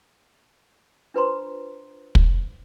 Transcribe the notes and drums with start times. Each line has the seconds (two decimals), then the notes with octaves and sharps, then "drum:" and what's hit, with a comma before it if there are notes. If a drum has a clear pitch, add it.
1.14 D4 F4 B4 C5 A#5 C6
2.15 drum: kick